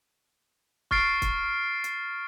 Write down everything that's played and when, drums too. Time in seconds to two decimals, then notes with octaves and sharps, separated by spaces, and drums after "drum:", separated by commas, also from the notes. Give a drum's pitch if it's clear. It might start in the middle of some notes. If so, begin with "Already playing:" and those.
0.91 C#6 F6 A6 C7 D7, drum: kick
1.22 drum: kick, hi-hat
1.84 drum: hi-hat